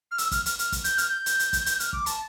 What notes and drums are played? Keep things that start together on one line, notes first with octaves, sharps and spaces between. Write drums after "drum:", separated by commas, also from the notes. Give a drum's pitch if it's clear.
F6
E6, drum: hi-hat
F6, drum: kick, hi-hat
F6, drum: hi-hat
F6, drum: hi-hat
drum: kick, hi-hat
G6, drum: hi-hat
F6, drum: hi-hat
G6
drum: hi-hat
drum: hi-hat
drum: kick, hi-hat
drum: hi-hat
F6, drum: hi-hat
D6, drum: kick
A5, drum: hi-hat